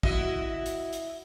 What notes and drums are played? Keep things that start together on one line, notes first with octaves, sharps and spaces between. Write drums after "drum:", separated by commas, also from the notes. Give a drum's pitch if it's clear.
E4 F#4 D#5, drum: kick
drum: hi-hat
drum: hi-hat